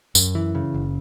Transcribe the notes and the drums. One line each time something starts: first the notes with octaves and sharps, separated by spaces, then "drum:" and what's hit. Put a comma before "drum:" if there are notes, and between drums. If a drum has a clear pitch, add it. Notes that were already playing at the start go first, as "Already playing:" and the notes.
F#2, drum: tambourine
E3
C#3
F#1